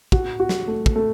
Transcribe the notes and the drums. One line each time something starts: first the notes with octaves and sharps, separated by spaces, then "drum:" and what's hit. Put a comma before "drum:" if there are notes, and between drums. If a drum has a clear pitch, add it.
F#4, drum: kick
F#4
drum: snare
A3
drum: kick
A3